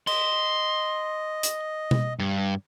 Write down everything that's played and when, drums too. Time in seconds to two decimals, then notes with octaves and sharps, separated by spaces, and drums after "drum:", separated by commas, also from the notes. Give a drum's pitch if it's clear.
0.07 D#5 C6, drum: cymbal
1.43 drum: hi-hat
1.91 drum: tom B2
2.19 G2